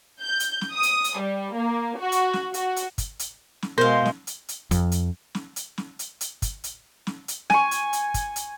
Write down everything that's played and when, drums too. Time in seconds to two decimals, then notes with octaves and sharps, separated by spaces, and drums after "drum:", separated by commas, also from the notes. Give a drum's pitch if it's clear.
0.21 G6
0.40 drum: hi-hat
0.61 drum: snare
0.74 D#6
0.83 drum: hi-hat
1.04 drum: hi-hat
1.18 G3
1.54 A#3
1.99 F#4
2.12 drum: hi-hat
2.33 drum: snare
2.54 F#4, drum: hi-hat
2.76 drum: hi-hat
2.98 drum: kick, hi-hat
3.19 drum: hi-hat
3.62 drum: snare
3.78 B2 G#3 A#4 C5 F5 C6
4.05 drum: snare
4.27 drum: hi-hat
4.49 drum: hi-hat
4.71 F2, drum: kick, hi-hat
4.92 drum: hi-hat
5.35 drum: snare
5.56 drum: hi-hat
5.78 drum: snare
5.99 drum: hi-hat
6.21 drum: hi-hat
6.42 drum: kick, hi-hat
6.64 drum: hi-hat
7.07 drum: snare
7.28 drum: hi-hat
7.50 G#5 C#6, drum: snare
7.71 drum: hi-hat
7.93 drum: hi-hat
8.14 drum: kick, hi-hat
8.36 drum: hi-hat